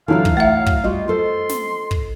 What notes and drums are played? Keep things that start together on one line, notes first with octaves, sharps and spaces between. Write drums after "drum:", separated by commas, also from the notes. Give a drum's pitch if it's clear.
D3 E3 F#3 E4 F4 F5
drum: kick
A3 C#5 E5 F#5
drum: kick
G3 F4 F#4 D#5
F4 A4 C5 C6
drum: snare
drum: kick